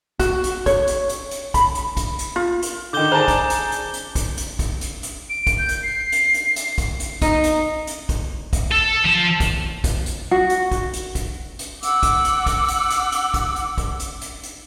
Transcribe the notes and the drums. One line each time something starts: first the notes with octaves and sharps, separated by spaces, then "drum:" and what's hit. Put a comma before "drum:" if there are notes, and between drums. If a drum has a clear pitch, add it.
F#4, drum: kick, hi-hat
drum: hi-hat
C#5, drum: kick, hi-hat
drum: hi-hat
drum: hi-hat
drum: hi-hat
B5, drum: kick, hi-hat
drum: hi-hat
drum: kick, hi-hat
drum: hi-hat
F4
drum: hi-hat
D3 D#3 D6 G6 G7
G#4 C5 D5 A5 A#5
drum: kick, hi-hat
drum: hi-hat
drum: hi-hat
drum: hi-hat
drum: kick, hi-hat
drum: hi-hat
drum: kick, hi-hat
drum: hi-hat
drum: hi-hat
D7
drum: kick, hi-hat
G6
drum: hi-hat
C7
drum: hi-hat
drum: hi-hat
drum: hi-hat
drum: kick, hi-hat
drum: hi-hat
D#4, drum: kick, hi-hat
drum: hi-hat
drum: hi-hat
drum: kick, hi-hat
drum: kick, hi-hat
A4
F3 A5
drum: kick, hi-hat
drum: kick, hi-hat
drum: hi-hat
F#4
drum: hi-hat
drum: kick, hi-hat
drum: hi-hat
drum: kick, hi-hat
drum: hi-hat
F#5 D6 E6, drum: hi-hat
drum: kick, hi-hat
drum: hi-hat
drum: kick, hi-hat
drum: hi-hat
drum: hi-hat
drum: hi-hat
drum: kick, hi-hat
drum: hi-hat
drum: kick, hi-hat
drum: hi-hat
drum: hi-hat
drum: hi-hat